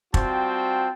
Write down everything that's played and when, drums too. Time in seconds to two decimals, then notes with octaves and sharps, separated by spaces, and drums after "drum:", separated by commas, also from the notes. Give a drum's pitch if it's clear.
0.14 G3 C4 F4 F#4 G5 A5, drum: kick